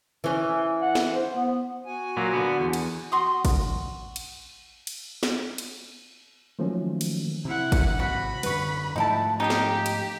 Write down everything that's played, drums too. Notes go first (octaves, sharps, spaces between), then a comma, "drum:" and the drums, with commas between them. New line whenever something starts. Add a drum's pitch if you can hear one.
E3 C#4
F#5
drum: snare
C5
B3
F#4 G#5
A#2 F#3 A#3
D3 B3
E2
drum: cymbal
F#4 C6 D#6
drum: kick, cymbal
drum: cymbal
drum: cymbal
drum: snare
drum: cymbal
D#3 F3 F#3 A3 A#3 C#4
drum: cymbal
C3 E4 F#5
drum: kick, cymbal
G#1 C3 F#4 F#5 B5
F#2 D3 G3 B4 C#6, drum: cymbal
G#2 F3 A3 D#4 E4 A5
C#4 D#4 G4 D#5 F5
drum: snare
drum: cymbal